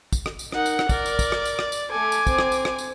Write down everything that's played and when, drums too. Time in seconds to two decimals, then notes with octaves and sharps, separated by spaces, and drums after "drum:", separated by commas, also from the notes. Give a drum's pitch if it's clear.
0.13 drum: kick, tambourine
0.26 drum: rim click
0.39 drum: tambourine
0.52 D#4 A#4 F#5, drum: rim click
0.66 drum: tambourine
0.79 drum: rim click
0.89 A#4 D5, drum: kick, tambourine
1.06 drum: tambourine
1.19 drum: kick, tambourine
1.32 drum: rim click
1.45 drum: tambourine
1.59 drum: rim click
1.72 drum: tambourine
1.91 A3 A4 G#5 D6
2.12 drum: tambourine
2.27 C4, drum: kick, tambourine
2.39 drum: rim click
2.52 drum: tambourine
2.65 drum: rim click
2.78 drum: tambourine